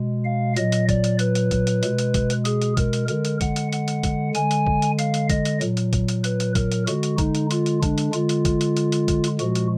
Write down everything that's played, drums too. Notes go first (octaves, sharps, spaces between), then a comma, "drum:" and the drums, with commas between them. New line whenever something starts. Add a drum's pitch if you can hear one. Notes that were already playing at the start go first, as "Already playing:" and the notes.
Already playing: B2 G#3
F5
A#2 F#3 D#5, drum: hi-hat
drum: hi-hat
D5, drum: kick, hi-hat
drum: hi-hat
B4, drum: hi-hat
drum: hi-hat
drum: kick, hi-hat
drum: hi-hat
B2 G#3, drum: hi-hat
drum: hi-hat
drum: kick, hi-hat
drum: hi-hat
G#4, drum: hi-hat
drum: hi-hat
A#4, drum: kick, hi-hat
drum: hi-hat
D3 G#3 A#4, drum: hi-hat
drum: hi-hat
F#5, drum: kick, hi-hat
drum: hi-hat
F#5, drum: hi-hat
drum: hi-hat
drum: kick, hi-hat
D3 G#3 G#5, drum: hi-hat
drum: hi-hat
drum: kick
drum: hi-hat
F5, drum: hi-hat
drum: hi-hat
D#5, drum: kick, hi-hat
drum: hi-hat
A#2 F#3, drum: hi-hat
drum: hi-hat
drum: kick, hi-hat
drum: hi-hat
B4, drum: hi-hat
drum: hi-hat
A#4, drum: kick, hi-hat
drum: hi-hat
D3 G#3 F#4, drum: hi-hat
drum: hi-hat
D#4, drum: kick, hi-hat
drum: hi-hat
F4, drum: hi-hat
drum: hi-hat
D4, drum: kick, hi-hat
drum: hi-hat
D3 G#3 F4, drum: hi-hat
drum: hi-hat
drum: kick, hi-hat
drum: hi-hat
drum: hi-hat
drum: hi-hat
drum: kick, hi-hat
drum: hi-hat
A#2 F3 G#3 F#4, drum: hi-hat
drum: hi-hat